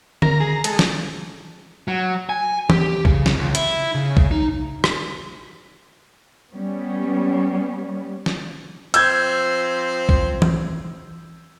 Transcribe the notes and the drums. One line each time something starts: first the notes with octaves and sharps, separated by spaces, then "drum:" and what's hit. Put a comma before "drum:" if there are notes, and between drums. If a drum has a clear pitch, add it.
A#4 A#5, drum: tom D3
G#4
G#3 A4, drum: hi-hat
drum: snare
F#3
G#5
G4, drum: tom E3
C#3, drum: kick
drum: snare
C#2
E4, drum: hi-hat
C#3
drum: kick
D#4
drum: rim click
G3 B3 C#4
drum: snare
F3 C4 E6 G6 G#6, drum: hi-hat
drum: kick
drum: tom E3